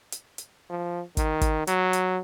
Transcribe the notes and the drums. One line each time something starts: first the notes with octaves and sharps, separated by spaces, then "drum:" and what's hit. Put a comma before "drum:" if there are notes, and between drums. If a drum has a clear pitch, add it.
drum: hi-hat
drum: hi-hat
F3
D#3, drum: kick, hi-hat
drum: kick, hi-hat
F#3, drum: hi-hat
drum: hi-hat